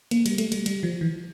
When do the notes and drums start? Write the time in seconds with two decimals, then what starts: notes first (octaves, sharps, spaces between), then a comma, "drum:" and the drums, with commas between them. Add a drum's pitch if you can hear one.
0.11 A#3, drum: cymbal
0.26 G3, drum: cymbal
0.38 A3, drum: cymbal
0.52 G3, drum: cymbal
0.66 G3, drum: cymbal
0.83 F3
1.01 E3